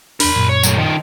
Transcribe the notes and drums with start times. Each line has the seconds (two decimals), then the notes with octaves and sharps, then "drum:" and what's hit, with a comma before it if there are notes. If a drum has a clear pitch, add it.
0.20 E2 D4 A#4 B5, drum: open hi-hat
0.36 F#2 A#2
0.49 C#5
0.63 F#3 A3, drum: tambourine
0.78 D#3 F3